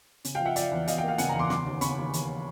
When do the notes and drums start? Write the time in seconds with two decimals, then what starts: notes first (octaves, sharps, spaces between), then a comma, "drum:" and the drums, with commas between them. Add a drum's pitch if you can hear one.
0.25 C#3, drum: hi-hat
0.35 F3 F5 G5
0.46 E5 F#5
0.56 F3 D5 E5, drum: hi-hat
0.72 E2
0.88 E2 D#5 F5, drum: hi-hat
0.98 F5 G5
1.03 A#3
1.08 F5 G5
1.18 C#3 F#5 G#5, drum: hi-hat
1.29 E2 G#5 A#5
1.39 C6 D6
1.50 C#3 C6 D6, drum: snare
1.66 D#2
1.81 C#3 B5 C#6, drum: hi-hat
1.98 D#2
2.14 D#2, drum: hi-hat